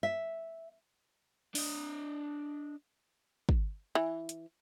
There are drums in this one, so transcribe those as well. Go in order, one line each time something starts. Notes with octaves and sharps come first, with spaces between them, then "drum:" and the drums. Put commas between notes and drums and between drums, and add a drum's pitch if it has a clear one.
E5
D4 D#5, drum: open hi-hat
drum: kick
E3
drum: hi-hat